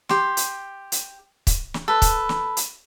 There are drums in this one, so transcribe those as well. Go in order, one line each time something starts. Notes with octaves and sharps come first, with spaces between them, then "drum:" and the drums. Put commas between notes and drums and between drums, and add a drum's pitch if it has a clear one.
G4 C6, drum: snare
drum: hi-hat
drum: hi-hat
drum: kick, hi-hat
drum: snare
A4 B4
drum: kick, hi-hat
drum: snare
drum: hi-hat